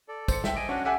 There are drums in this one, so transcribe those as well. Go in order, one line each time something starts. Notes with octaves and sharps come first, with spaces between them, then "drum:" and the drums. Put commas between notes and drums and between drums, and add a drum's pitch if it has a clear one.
A4 D5
C5 C#7, drum: kick, tambourine
E5 G5, drum: snare
D#5 G#5 D7
C#4 D4 F#4 F#5
G4 A4 E5 F#5 G#5